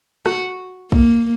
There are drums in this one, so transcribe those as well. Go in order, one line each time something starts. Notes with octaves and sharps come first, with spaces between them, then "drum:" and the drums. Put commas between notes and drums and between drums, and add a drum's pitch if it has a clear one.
F#4, drum: rim click
A#3, drum: kick